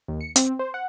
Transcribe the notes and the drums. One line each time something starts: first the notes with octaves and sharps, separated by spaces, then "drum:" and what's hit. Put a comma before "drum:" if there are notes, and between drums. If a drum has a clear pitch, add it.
D#2
C#7
C4, drum: hi-hat
C5
F#5